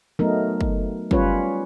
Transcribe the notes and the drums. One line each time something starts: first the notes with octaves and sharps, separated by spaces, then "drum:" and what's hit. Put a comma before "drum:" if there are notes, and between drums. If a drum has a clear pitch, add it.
F#3 A3 B3 D#4 A#4
drum: kick
G3 C#4 F4 B4 C#5, drum: kick